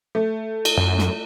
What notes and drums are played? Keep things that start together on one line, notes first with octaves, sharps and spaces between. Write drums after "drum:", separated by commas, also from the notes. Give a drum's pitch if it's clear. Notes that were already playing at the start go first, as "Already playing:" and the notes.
A3
drum: cymbal
F#2
drum: snare